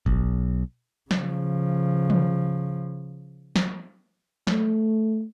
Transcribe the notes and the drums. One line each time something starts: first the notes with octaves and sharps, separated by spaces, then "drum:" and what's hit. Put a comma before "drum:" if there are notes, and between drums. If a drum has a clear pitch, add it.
B1, drum: kick G1
C#3 F3, drum: snare
drum: tom
drum: snare
A3, drum: snare